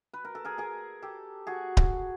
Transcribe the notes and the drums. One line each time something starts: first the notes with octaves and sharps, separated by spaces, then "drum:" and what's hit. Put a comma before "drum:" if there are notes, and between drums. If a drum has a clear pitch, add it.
B4
A#4
A4
G#4 A#4
G#4 A#4
G4 A4
F#4 G#4
drum: kick D1